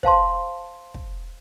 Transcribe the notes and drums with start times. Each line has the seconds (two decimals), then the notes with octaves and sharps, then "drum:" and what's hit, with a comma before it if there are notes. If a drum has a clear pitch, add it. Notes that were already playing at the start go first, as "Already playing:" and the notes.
0.03 C5 F5 A5 C6, drum: kick
0.94 drum: kick